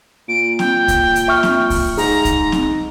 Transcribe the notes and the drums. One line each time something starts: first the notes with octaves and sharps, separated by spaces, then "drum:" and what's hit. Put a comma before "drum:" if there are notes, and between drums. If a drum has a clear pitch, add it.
A#2 D7
G5, drum: snare
drum: kick C2, hi-hat
drum: hi-hat
E5 C#6 F6
drum: snare
drum: kick C2, open hi-hat
G#2 G#4 A#5, drum: open hi-hat
drum: kick C2, hi-hat
drum: snare